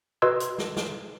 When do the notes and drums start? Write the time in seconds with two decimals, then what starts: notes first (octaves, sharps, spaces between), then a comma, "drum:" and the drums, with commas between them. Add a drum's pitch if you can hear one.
0.22 F#4 B4 D#5 C6 E6 G#6
0.40 drum: hi-hat
0.58 drum: snare
0.77 drum: snare